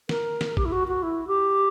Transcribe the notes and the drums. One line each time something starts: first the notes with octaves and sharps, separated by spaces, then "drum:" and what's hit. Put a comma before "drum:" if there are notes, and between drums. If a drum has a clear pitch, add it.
A#4, drum: snare
drum: snare
G4, drum: kick A#1
E4
F#4
F#4
E4
G4